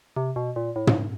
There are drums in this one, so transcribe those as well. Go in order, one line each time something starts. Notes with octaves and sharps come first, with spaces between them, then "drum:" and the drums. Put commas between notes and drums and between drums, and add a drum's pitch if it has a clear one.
C3
B2
A#2
A2
drum: tom